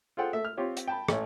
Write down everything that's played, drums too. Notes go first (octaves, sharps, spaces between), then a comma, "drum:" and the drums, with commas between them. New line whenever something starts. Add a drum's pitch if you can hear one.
F4 G#4 A4 C5 F#5 G5
A3 E5
F6
C4 F4 G4 C#5
drum: hi-hat
G5 A5 B5
A1 A3 C#5, drum: rim click